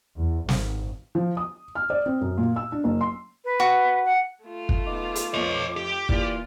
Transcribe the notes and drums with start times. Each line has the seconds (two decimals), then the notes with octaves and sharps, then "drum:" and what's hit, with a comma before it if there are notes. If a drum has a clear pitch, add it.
0.17 E2
0.49 G#1, drum: snare
1.15 F3
1.37 D#6
1.75 F6
1.90 D5
2.06 C4
2.21 F#2
2.38 A#2
2.56 E6
2.72 D4
2.84 F#1
3.01 C6
3.44 B4
3.60 F#4
4.05 F#5
4.44 A3 F4
4.69 drum: kick
4.86 B3 D#4 D6
5.16 drum: hi-hat
5.34 F2 F3 B4 C#5 D#5
5.76 G4
6.09 E3 A#3 F4 D5, drum: kick